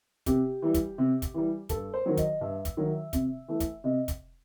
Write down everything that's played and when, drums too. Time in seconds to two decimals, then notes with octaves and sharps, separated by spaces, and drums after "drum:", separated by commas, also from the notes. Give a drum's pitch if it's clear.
0.26 C3 G4, drum: kick, hi-hat
0.62 E3 G3
0.74 drum: kick, hi-hat
0.98 C3
1.22 drum: kick, hi-hat
1.34 E3 G3
1.69 G2 A4, drum: kick, hi-hat
1.94 C5
2.06 D#3 F#3
2.17 D#5, drum: kick, hi-hat
2.41 G2 E5
2.65 drum: kick, hi-hat
2.77 D#3 F#3
3.13 C3, drum: kick, hi-hat
3.48 E3 A3
3.60 drum: kick, hi-hat
3.84 C3 D#5
4.08 drum: kick, hi-hat